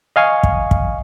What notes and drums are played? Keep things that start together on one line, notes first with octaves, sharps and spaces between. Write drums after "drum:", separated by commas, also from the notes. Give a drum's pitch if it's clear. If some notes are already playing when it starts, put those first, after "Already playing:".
D#5 F5 G#5 C#6
drum: kick
drum: kick